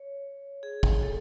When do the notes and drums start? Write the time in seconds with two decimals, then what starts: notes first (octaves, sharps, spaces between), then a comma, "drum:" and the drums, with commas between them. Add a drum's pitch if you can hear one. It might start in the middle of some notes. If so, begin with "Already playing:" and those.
Already playing: C#5
0.63 G#4
0.83 drum: kick
1.03 A4